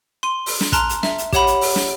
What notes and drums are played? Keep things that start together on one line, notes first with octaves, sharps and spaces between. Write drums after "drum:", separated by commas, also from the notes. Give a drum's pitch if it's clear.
C6 D#7 G7
drum: open hi-hat
drum: snare
A5 A#5 C6 F6 F#6, drum: kick, hi-hat
drum: hi-hat
E5, drum: snare
drum: hi-hat
G4 C#5 F#5 B5, drum: kick, hi-hat
drum: hi-hat
drum: open hi-hat
drum: snare